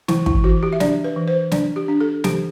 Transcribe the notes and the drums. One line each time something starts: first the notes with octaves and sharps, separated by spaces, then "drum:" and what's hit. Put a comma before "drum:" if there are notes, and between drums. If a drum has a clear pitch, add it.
E3 E4, drum: snare
E4, drum: kick
E3 F#4
G4
E5
D4 D5, drum: snare
B4
E3
C5
D4 D5, drum: snare
G4
D4
A4
E3 G4, drum: snare